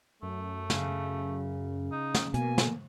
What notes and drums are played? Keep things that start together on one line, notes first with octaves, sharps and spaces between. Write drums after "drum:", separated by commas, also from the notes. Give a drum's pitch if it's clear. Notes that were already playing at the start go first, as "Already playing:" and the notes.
F#2 A3
C#3, drum: snare
D#4
drum: snare
B2 A#3 G#5, drum: hi-hat
drum: snare